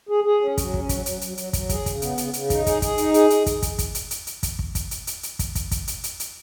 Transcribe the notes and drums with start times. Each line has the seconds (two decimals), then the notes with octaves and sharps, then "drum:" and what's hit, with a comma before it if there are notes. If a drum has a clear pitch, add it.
0.09 G#4
0.24 G#4
0.41 C#4
0.57 F#3, drum: kick, hi-hat
0.74 C#4, drum: kick
0.89 F#3, drum: kick, hi-hat
1.06 F#3, drum: hi-hat
1.21 F#3, drum: hi-hat
1.37 F#3, drum: hi-hat
1.53 F#3, drum: kick, hi-hat
1.69 G#4, drum: kick, hi-hat
1.86 C#3, drum: kick, hi-hat
2.02 B3, drum: hi-hat
2.18 C#3, drum: hi-hat
2.33 C#3, drum: hi-hat
2.50 D#4, drum: kick, hi-hat
2.66 G#4, drum: kick, hi-hat
2.82 G#4, drum: kick, hi-hat
2.98 D#4, drum: hi-hat
3.14 G#4, drum: hi-hat
3.30 drum: hi-hat
3.46 drum: kick, hi-hat
3.62 drum: kick, hi-hat
3.79 drum: kick, hi-hat
3.95 drum: hi-hat
4.11 drum: hi-hat
4.27 drum: hi-hat
4.43 drum: kick, hi-hat
4.59 drum: kick
4.75 drum: kick, hi-hat
4.91 drum: hi-hat
5.07 drum: hi-hat
5.23 drum: hi-hat
5.39 drum: kick, hi-hat
5.55 drum: kick, hi-hat
5.71 drum: kick, hi-hat
5.88 drum: hi-hat
6.04 drum: hi-hat
6.20 drum: hi-hat